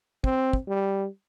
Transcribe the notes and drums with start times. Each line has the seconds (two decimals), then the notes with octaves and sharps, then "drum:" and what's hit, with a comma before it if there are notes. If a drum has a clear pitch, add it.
0.24 C4, drum: kick
0.53 drum: kick
0.68 G3